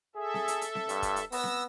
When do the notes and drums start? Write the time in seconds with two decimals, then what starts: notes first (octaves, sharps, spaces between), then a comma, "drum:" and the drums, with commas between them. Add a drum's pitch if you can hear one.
0.15 G#4 A4 E5
0.34 drum: snare C4
0.48 drum: hi-hat
0.61 drum: hi-hat
0.75 drum: snare C4
0.89 G2, drum: hi-hat
1.02 drum: kick, hi-hat
1.16 drum: hi-hat
1.32 B3 E6 A#6, drum: open hi-hat
1.44 drum: snare C4